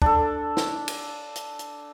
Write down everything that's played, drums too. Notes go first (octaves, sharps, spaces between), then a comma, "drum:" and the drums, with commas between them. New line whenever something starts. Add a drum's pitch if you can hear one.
D4 A4, drum: kick
drum: snare
drum: cymbal
drum: hi-hat
drum: hi-hat